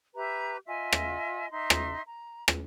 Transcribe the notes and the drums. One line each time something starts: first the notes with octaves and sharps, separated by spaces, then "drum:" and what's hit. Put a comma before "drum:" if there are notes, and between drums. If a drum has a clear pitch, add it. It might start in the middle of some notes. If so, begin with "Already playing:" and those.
G4 B4 E5 A#5
F4 D#5 E5 G#5
drum: rim click
D#4 E5 C6
drum: rim click
A#5
drum: rim click